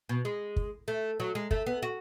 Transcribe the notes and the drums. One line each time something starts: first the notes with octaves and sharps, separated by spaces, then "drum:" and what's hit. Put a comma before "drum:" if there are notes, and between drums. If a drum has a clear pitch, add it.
B2
G#3
drum: kick
A3
F#3
G#3
A3, drum: kick
B3
F#4